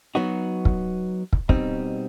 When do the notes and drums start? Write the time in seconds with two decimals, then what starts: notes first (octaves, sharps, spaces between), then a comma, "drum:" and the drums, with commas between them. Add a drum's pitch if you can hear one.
0.15 F#3 B3 D#4 F#4
0.65 drum: kick
1.33 drum: kick
1.49 B2 G3 C4 D#4, drum: kick